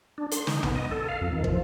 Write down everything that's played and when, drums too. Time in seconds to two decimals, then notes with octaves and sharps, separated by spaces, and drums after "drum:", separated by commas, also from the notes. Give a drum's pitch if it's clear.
0.18 D4
0.31 C6, drum: hi-hat
0.47 D#4, drum: snare
0.63 B3, drum: tom A#1
0.75 D#5
0.91 A4
1.09 F5
1.21 F2
1.32 D#3
1.44 F3, drum: kick